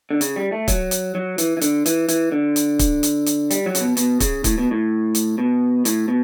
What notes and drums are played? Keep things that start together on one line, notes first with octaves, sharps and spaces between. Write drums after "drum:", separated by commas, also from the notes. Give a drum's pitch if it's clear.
D3
C#3, drum: hi-hat
G3
A3
F#3, drum: kick, hi-hat
drum: hi-hat
F#3
E3, drum: hi-hat
E3
D3, drum: hi-hat
E3, drum: hi-hat
E3, drum: hi-hat
D3
drum: hi-hat
drum: kick, hi-hat
drum: hi-hat
drum: hi-hat
G3, drum: hi-hat
F#3
C#3, drum: hi-hat
B2
B2, drum: hi-hat
C#3, drum: kick, hi-hat
A2, drum: kick, hi-hat
B2
A2
drum: hi-hat
B2
A2, drum: hi-hat
B2